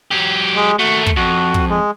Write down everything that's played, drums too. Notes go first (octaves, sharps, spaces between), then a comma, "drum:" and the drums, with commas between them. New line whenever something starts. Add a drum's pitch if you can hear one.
F#3 G4
G#3
D#2 A3 F#4
drum: kick
F2 F#4
drum: kick
G#3